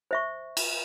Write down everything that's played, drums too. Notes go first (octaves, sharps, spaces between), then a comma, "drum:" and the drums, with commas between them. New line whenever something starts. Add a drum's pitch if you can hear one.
C5 E5 C#6
drum: cymbal